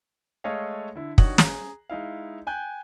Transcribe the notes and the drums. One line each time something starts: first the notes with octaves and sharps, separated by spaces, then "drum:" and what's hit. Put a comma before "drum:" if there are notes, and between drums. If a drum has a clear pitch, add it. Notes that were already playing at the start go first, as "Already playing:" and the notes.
G#3 A3 A4 C#5 D#5 F5
D3 E4
G2 D#3 F#4 C#5 D#6 F#7, drum: kick
G#4 A#5, drum: snare
G#3 D#4 E4 F5
G5 G#5 F#6 G6